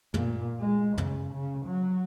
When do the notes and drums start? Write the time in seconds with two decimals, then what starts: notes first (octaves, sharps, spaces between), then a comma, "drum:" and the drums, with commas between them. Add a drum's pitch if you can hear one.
0.14 A#2, drum: tom
0.60 G#3
0.98 C#3, drum: tom
1.33 C#3
1.66 F#3